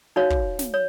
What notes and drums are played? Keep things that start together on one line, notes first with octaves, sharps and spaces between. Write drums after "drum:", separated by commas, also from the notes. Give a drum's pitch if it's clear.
D#4 F#4 C#5 F5
drum: kick
drum: snare
C#5